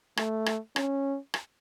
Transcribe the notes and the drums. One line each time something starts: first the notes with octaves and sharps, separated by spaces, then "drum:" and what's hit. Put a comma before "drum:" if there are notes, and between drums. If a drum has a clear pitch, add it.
A3, drum: rim click
drum: rim click
C#4, drum: rim click
drum: rim click